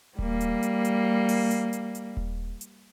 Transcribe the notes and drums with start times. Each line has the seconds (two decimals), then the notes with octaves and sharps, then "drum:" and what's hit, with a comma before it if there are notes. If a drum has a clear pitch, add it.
0.19 G3 A#3, drum: kick D#1
0.41 drum: hi-hat
0.63 drum: hi-hat
0.85 drum: hi-hat
1.29 drum: open hi-hat
1.51 drum: hi-hat
1.73 drum: hi-hat
1.95 drum: hi-hat
2.17 drum: kick D#1
2.61 drum: hi-hat